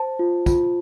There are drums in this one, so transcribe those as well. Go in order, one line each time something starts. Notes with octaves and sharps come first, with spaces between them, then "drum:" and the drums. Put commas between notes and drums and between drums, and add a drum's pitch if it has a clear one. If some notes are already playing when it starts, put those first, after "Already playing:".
Already playing: C5 A5
F4
F4, drum: kick, tambourine